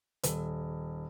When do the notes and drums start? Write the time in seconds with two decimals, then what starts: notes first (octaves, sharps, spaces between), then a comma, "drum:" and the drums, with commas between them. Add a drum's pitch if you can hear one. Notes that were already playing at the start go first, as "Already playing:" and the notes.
0.23 D#1, drum: hi-hat